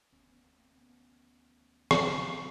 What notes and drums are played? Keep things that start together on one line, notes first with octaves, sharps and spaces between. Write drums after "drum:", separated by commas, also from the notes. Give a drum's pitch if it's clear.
E1 D2 D3 B3 C#4
B3 C#4
A#3 C4
A#3 C4
B3 C#4
drum: rim click
B3 C#4